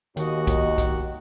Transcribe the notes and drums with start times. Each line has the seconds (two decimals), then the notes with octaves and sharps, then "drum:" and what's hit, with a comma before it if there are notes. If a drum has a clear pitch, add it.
0.17 D#2 D#3 F#4 D#5, drum: hi-hat
0.47 drum: kick B1, hi-hat
0.78 drum: kick B1, hi-hat